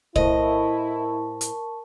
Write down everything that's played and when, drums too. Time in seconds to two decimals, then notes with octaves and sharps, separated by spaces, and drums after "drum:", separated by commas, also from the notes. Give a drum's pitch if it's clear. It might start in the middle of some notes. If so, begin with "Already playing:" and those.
0.16 A2 E4 A#4 C5 D#5 A5 C#6, drum: kick
1.41 drum: hi-hat